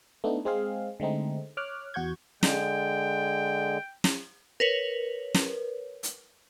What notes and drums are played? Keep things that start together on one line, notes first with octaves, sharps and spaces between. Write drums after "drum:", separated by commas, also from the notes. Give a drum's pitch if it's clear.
A3 B3 D4 D#4
G#3 C4 G#4 F5
D3 G#3 A3 C4 D#4
C#5 D6 F6 F#6
E2 F#4 F#5 C#6 G6 G#6
D3 G#3 G5, drum: snare
drum: snare
A#4 B4 C#5
drum: snare
drum: hi-hat